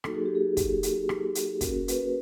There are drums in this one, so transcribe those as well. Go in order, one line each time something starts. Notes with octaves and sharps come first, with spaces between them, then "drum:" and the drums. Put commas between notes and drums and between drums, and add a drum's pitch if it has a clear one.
F#3 A#3 D#4 F#4 A4, drum: rim click
G#4
G4
G#4
drum: kick, hi-hat
drum: hi-hat
drum: rim click
drum: hi-hat
A#3 C#4 F#4 A#4, drum: kick, hi-hat
B4, drum: hi-hat